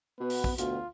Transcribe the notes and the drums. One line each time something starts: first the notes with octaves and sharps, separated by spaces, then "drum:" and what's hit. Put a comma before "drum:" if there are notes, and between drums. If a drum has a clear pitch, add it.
B2 B3 B4
drum: open hi-hat
drum: kick
D2 B2 F4, drum: hi-hat